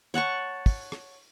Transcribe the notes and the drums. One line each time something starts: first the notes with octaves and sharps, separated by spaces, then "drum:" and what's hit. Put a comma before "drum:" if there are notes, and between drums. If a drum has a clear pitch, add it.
C#5 F#5 A5 C#6
drum: kick, open hi-hat
drum: rim click